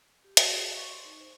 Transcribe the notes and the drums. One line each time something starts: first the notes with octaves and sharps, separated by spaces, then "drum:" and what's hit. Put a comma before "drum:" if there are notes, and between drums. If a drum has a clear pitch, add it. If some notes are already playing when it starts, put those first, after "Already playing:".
G4
F#4, drum: hi-hat
G#4
F5
C#6
C6
D#4
C5